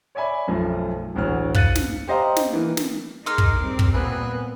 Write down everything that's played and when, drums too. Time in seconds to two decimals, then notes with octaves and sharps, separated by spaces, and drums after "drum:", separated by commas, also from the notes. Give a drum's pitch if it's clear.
0.15 C#5 D5 E5 G#5 B5
0.47 B1 F#2 F3 A3
1.14 A1 D2 F#3 F6
1.54 F5 F#6 A6 C#7 D#7, drum: kick
1.75 drum: snare
2.07 G4 C5 D#5 F5 A#5 C6
2.36 drum: snare
2.53 E3 A#3
2.77 drum: snare
3.26 D#4 G#4 A#4 C6 D6 E6 F6
3.38 drum: kick
3.60 G3 C4
3.79 drum: kick
3.94 A#2 B3 B4 G#5 F#6